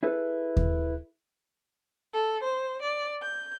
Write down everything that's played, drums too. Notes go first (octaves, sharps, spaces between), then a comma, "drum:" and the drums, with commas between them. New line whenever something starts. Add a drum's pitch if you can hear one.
E4 G#4 A4 B4
drum: kick D#2
A4
C5
D5
G6